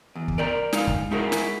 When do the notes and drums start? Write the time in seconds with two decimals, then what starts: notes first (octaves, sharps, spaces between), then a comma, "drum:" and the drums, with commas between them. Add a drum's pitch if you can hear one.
0.15 E2
0.28 drum: kick
0.38 A#4 D5 G5 A#5
0.73 G#3 D#4 F5, drum: snare
0.87 drum: kick
1.11 G#3 D#4 E4 F#4 G#4 A#4
1.32 drum: snare